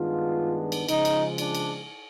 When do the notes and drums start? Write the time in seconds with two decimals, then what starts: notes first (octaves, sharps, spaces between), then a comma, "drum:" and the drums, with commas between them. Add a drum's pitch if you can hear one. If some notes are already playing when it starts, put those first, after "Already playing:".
Already playing: G2 D#3 G#3 B3 D4 F4
0.72 drum: cymbal
0.89 C#3 F3 G#3 D#4, drum: cymbal
1.05 drum: cymbal
1.38 D4, drum: cymbal
1.55 drum: cymbal